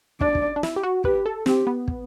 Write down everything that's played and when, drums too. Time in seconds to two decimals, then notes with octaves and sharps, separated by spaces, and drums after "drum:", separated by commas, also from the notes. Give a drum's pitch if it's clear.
0.21 D4 D5, drum: kick
0.35 drum: kick
0.56 D4
0.63 E4, drum: snare
0.76 G4
0.83 F#4
1.04 G4 B4, drum: kick
1.26 A4
1.46 C4 G4, drum: snare
1.67 B3
1.88 drum: kick